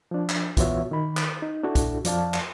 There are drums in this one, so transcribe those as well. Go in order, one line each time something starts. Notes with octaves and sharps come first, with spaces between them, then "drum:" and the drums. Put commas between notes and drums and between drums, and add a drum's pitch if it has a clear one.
F3 D4
drum: clap
E3 B3 F4 F#4 C#5 E5, drum: kick, hi-hat
D#3 B5
drum: clap
D#4
D4 E4 F#4 A4
drum: kick, hi-hat
F2 F3 D5 F5 A5, drum: hi-hat
drum: clap